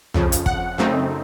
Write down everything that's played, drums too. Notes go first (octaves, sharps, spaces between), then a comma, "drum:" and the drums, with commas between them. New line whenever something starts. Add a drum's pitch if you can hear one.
F2 C#3 F3, drum: tom
drum: hi-hat
F#5, drum: kick
F#2 C#3 A3 C4 D#4